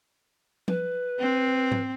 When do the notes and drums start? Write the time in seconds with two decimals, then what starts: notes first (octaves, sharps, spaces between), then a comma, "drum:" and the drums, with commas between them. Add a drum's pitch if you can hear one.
0.68 B4, drum: tom F3
1.20 C4
1.72 drum: tom G#2